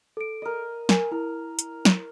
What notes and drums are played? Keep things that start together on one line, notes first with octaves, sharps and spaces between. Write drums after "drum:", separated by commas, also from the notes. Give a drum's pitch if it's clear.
A4 D7
A#4 D#5
A#4 G#5, drum: snare
E4 A#4
drum: hi-hat
drum: snare